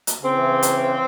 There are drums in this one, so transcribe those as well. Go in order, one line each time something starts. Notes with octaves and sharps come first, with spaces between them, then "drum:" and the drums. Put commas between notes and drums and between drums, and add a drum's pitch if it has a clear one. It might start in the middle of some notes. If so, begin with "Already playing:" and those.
drum: hi-hat
C#3 E3 C4
drum: hi-hat